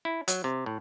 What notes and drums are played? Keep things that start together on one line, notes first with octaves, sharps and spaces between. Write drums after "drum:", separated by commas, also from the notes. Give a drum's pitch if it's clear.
E4
F#3, drum: hi-hat
C3
A2